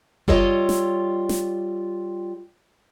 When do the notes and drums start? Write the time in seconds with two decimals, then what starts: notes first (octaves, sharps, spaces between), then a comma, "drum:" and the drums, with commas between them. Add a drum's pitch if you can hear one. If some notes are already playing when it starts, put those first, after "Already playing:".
0.28 G3 F4 A4 C#5 D#5, drum: kick F#1
0.69 drum: snare
1.29 drum: snare